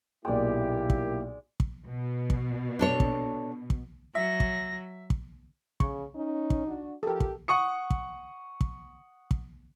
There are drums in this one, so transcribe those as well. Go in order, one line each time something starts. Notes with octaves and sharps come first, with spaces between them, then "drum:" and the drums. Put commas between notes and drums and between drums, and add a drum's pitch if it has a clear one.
B1 A#2 G#3 A#3 E4 G4 D5 G5
drum: kick
drum: kick
B2
drum: kick
D4 A4 C#5
drum: kick
drum: kick
F#3 E5 A#6
drum: kick
drum: kick
C#3 C#6, drum: kick
C#4 D#4
drum: kick
D4 F#4
F3 G4 A4 A#4
drum: kick
F#5 C#6 D#6 C#7
drum: kick
drum: kick
drum: kick